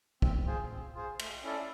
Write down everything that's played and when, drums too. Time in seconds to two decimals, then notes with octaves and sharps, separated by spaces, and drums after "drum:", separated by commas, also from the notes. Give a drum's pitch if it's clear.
0.22 C4, drum: kick
0.46 F4 G#4 C5
0.71 C4
0.95 F4 G#4 C5
1.19 A3, drum: cymbal
1.43 C#4 E4 A4 D5